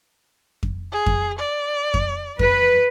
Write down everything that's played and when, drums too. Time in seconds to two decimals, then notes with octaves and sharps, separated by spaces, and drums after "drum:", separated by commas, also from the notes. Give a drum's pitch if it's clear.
0.63 drum: kick F2
0.92 G#4
1.06 drum: kick F2
1.39 D5
1.94 drum: kick F2
2.39 B4, drum: kick F2